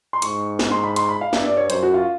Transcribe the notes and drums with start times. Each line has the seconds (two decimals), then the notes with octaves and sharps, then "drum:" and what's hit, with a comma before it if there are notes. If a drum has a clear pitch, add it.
0.13 C6
0.22 G#2 C#6, drum: hi-hat
0.59 drum: snare
0.72 C6
0.83 B5
0.96 C6, drum: hi-hat
1.09 B5
1.21 F5
1.33 G2 E5, drum: snare
1.45 D5
1.57 C#5
1.70 F#2 C5, drum: hi-hat
1.83 F#4
1.94 F4